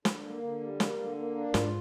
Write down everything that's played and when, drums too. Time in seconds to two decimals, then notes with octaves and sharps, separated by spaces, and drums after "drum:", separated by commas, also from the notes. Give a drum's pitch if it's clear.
0.05 D3, drum: snare
0.23 A#3
0.42 D3
0.61 G3
0.80 A#3, drum: snare
0.98 D3
1.17 A#3
1.36 D4
1.54 G#2 F4, drum: snare